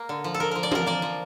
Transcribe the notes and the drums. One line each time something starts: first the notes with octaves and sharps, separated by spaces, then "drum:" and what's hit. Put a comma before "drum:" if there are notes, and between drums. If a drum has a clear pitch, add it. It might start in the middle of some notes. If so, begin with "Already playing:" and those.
Already playing: A#3
D3
F3
A4
F3 A#4
F3 A#4
D5
F3 A#4, drum: tom
A#3 D5
F3